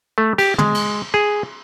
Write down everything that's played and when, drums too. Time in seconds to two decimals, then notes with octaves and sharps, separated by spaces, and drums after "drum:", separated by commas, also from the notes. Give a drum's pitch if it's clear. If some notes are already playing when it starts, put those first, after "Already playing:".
0.18 A3
0.38 G4, drum: cymbal
0.58 G#3, drum: tom
0.74 drum: cymbal
1.14 G#4